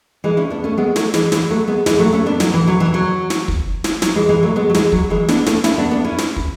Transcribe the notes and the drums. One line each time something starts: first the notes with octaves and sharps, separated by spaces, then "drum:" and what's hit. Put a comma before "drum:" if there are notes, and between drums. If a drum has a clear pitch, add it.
E3 G#3
C#4 E4
B3 D4
A3 C#4
G#3 B3
F#3 A3, drum: snare
E3 G#3, drum: snare
E3 G#3, drum: snare
F#3 A3
G#3 B3
E3 G#3, drum: snare
F#3 A3
A3 C#4
B3 D4
F#3, drum: snare
E3
F#3
E3
F#3
drum: snare
drum: kick
drum: snare
F#3, drum: snare
E3 G#3
E3 G#3
F#3 A3
G#3 B3
F#3
E3 G#3, drum: snare
F#3, drum: kick
E3 G#3
B3 D4, drum: snare
A3 C#4, drum: snare
C#4 E4, drum: snare
B3 D4
B3 D4
C#4 E4
drum: snare
drum: kick